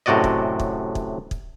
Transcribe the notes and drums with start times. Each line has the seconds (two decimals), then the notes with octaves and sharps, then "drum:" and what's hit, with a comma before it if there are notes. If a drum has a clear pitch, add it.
0.06 F#2 A2 C3 F#4 D5 D#5
0.24 drum: kick
0.60 drum: kick
0.95 drum: kick
1.31 drum: kick